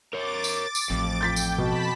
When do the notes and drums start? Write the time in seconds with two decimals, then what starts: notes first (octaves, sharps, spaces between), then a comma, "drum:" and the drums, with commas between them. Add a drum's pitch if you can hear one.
0.13 A#4 C#5 D6 A6
0.44 drum: tambourine
0.75 drum: tambourine
0.90 A1 F2
1.21 G5 G6 A6 B6
1.36 drum: tambourine
1.58 B2 A5 B5 B6